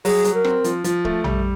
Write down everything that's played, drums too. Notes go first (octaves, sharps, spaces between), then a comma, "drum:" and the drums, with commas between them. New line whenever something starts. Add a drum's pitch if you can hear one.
F#3 G#4, drum: open hi-hat
F#3, drum: hi-hat
A#4
C4, drum: rim click
F3, drum: hi-hat
F3, drum: hi-hat
A3, drum: kick
G3, drum: tom A#1